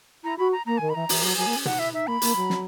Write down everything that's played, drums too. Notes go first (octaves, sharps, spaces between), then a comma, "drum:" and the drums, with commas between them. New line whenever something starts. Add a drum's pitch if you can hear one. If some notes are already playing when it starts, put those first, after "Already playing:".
E4 A#5
F#4 B5
A#5
A#3 A#5
D#3 G#5
B5
E3 A#5
E3, drum: open hi-hat
F#3
F#3 G#5
A#3
C#4
D#4 F#5, drum: tom B2
E4 E5
D#4 E5
A#3 B5
A#3, drum: hi-hat
F#3
drum: snare